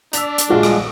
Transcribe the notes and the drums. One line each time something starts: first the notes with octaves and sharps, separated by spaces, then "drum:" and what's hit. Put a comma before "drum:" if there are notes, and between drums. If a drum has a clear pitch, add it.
D4 D5 E6 B6 F7, drum: hi-hat
drum: hi-hat
A#1 G3 G#3 F4 F#4
drum: rim click